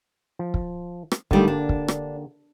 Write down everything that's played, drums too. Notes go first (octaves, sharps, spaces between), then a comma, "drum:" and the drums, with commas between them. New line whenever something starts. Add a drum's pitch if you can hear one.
F3
drum: kick
drum: rim click
D3 D#3 G3 A3 A#3 G4, drum: kick
D4
drum: kick
drum: rim click